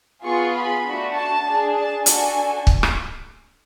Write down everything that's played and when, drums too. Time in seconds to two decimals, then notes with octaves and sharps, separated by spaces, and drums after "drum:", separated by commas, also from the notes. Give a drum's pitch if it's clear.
0.24 B3 F4 G#4 C#6
0.54 B5
0.85 A3 D4 F#4
1.15 A5
1.45 D4 G#4
1.76 A5
2.06 D4 F#4 A4 G#5, drum: hi-hat
2.67 drum: kick
2.83 drum: rim click